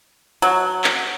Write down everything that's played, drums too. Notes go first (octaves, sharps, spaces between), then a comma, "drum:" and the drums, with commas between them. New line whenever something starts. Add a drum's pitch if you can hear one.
F#3, drum: hi-hat
drum: clap